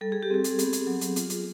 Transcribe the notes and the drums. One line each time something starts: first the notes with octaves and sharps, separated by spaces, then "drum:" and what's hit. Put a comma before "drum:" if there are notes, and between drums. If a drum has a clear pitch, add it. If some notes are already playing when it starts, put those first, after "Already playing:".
G3 A4
G#4
G4
C4 G#4
drum: hi-hat
B3, drum: hi-hat
drum: hi-hat
F#3
drum: hi-hat
F4, drum: hi-hat
drum: hi-hat